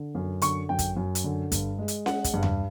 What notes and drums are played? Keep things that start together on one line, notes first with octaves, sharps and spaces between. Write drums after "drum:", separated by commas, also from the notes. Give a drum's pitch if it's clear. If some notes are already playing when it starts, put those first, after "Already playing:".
Already playing: D3
F#2
D3 C#6, drum: hi-hat
F#2 G5
drum: kick, hi-hat
F#2
drum: hi-hat
D3
G2, drum: kick, hi-hat
G#3
drum: hi-hat
G#3 F#5, drum: snare C#4
drum: kick, hi-hat
G2
drum: tom E2